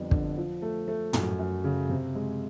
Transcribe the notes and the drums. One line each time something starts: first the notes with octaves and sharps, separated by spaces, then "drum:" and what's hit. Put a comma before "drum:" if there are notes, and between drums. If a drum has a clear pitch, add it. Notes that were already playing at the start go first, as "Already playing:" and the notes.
Already playing: F2 D3 G3 B3
D3, drum: kick
F3
A3
A3
F#2, drum: tom
F#2
C#3
C3
G#3